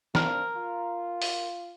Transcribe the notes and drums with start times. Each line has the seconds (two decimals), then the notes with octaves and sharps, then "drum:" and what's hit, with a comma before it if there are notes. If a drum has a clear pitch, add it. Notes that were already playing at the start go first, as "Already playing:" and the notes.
0.15 A#3 C4 D4 A#4, drum: snare
0.57 F4
1.22 drum: open hi-hat